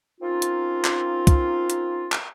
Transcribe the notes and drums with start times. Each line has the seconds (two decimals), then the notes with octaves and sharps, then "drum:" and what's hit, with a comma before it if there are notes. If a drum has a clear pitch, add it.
0.21 A#3 C4 C#4 D#4 F4
0.42 drum: hi-hat
0.85 drum: clap
1.27 drum: kick, hi-hat
1.70 drum: hi-hat
2.12 drum: clap